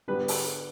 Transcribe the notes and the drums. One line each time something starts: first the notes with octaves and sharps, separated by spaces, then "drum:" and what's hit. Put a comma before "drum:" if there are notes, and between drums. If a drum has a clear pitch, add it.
D3 G3 B3 D4 B4
drum: open hi-hat